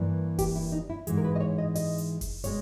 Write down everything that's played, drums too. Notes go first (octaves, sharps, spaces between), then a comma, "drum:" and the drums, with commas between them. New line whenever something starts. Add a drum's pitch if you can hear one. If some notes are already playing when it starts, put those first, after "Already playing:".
Already playing: G2 E3 A#3
G4, drum: kick F1, open hi-hat
E4
D#4
E4
G#2 E3 G#3, drum: hi-hat
A#4
B4
D#5
C#5
D#5
D#5, drum: open hi-hat
drum: hi-hat
drum: kick F1, open hi-hat
B2 G#3 C#5, drum: open hi-hat